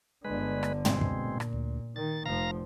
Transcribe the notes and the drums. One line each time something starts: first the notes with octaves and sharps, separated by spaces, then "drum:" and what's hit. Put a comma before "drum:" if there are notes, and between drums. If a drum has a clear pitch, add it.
G1 D3 G#3 B4
drum: rim click
B2 G#3 C4, drum: tom
drum: kick
A#2
drum: rim click
D2
D#3 A6
F1 F3 F5 A#5 A#6